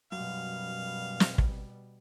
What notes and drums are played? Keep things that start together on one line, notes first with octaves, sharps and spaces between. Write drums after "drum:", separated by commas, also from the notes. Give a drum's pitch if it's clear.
F#2 B2 G3 F5
drum: snare
drum: kick